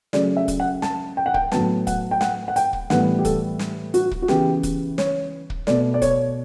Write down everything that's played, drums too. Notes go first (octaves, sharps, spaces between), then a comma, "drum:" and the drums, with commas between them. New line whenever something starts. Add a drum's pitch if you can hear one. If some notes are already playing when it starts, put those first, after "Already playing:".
C#3 F#3 A3 D5, drum: snare
E5
drum: kick, hi-hat
F#5
A5, drum: snare
G5
F#5
G5, drum: kick
A2 F#3 B3 A5, drum: snare
F#5, drum: kick, hi-hat
G5
F#5, drum: snare
F#5
G5, drum: hi-hat
drum: kick
A2 E3 G3 B3 F#5, drum: snare
G4
A4, drum: kick, hi-hat
drum: snare
F#4, drum: hi-hat
drum: kick
F#4
C#3 E3 B3 G4, drum: snare
drum: kick, hi-hat
C#5, drum: snare
drum: kick
B2 A3 D5, drum: snare
D5
C#5, drum: kick, hi-hat